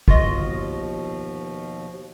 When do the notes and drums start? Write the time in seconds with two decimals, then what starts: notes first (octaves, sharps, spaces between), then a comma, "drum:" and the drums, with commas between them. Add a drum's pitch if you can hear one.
0.08 D#2 B2 F3 F4 F#4 D#5, drum: kick